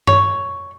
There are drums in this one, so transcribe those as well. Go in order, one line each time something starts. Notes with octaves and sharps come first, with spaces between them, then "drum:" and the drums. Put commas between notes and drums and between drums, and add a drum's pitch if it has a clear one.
C#5, drum: tom G2